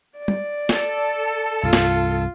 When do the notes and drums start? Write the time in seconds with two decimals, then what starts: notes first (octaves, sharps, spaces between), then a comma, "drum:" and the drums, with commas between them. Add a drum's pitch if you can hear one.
0.18 D5
0.28 drum: tom
0.69 A4, drum: snare
1.63 C2 G2 F4
1.73 drum: snare